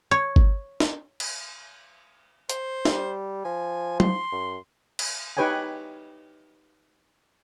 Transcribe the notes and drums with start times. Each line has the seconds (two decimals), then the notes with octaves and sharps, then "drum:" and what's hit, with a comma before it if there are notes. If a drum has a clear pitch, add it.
0.11 C#5
0.36 drum: kick G1
0.80 drum: snare
1.20 drum: cymbal
2.49 C5, drum: hi-hat
2.85 G3, drum: snare
3.45 F3 G#5
4.00 C6, drum: tom
4.32 F#2
4.99 drum: cymbal
5.37 D#4 G4 B4 C#5 G5 G#5